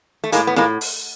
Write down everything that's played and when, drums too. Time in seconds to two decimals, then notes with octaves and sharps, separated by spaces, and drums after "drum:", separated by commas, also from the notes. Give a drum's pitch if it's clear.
0.24 A3
0.32 A2 G#3 A#3, drum: hi-hat
0.47 B3
0.56 A2 G#3 A#3, drum: snare
0.81 drum: open hi-hat